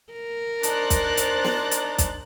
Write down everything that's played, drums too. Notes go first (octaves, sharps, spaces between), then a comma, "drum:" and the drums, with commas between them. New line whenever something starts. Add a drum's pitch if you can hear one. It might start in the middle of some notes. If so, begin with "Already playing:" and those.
A#4
D4 D#4 C5 A#5 F#6 A6, drum: hi-hat
drum: kick, hi-hat
drum: hi-hat
drum: snare
drum: hi-hat
drum: kick, hi-hat